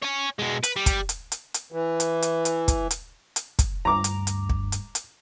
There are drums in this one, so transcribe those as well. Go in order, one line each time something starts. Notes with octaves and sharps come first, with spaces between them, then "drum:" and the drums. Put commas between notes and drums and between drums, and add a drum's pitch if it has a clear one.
C#5 G#5
B2 G#3
B4, drum: hi-hat
G3
drum: kick, hi-hat
drum: hi-hat
drum: hi-hat
drum: hi-hat
E3
drum: hi-hat
drum: hi-hat
drum: hi-hat
drum: kick, hi-hat
drum: hi-hat
drum: hi-hat
drum: kick, hi-hat
D2 G2 A#5 D6
drum: hi-hat
drum: hi-hat
drum: kick
drum: hi-hat
drum: hi-hat